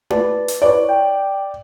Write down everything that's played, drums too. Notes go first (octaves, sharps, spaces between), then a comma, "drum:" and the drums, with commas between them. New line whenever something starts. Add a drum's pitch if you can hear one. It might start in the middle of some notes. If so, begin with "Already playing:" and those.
B4 D5 A5, drum: tom E4
drum: hi-hat
E4 B4 C#5 D5
G5